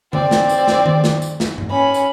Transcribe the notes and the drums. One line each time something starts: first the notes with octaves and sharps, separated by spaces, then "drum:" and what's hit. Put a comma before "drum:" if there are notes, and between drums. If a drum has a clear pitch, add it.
C4 D5, drum: tom C#3
drum: snare
drum: tambourine
drum: snare
drum: tom D#3
drum: snare
drum: tambourine
drum: snare
drum: tom G#2
C#4 B5
drum: tambourine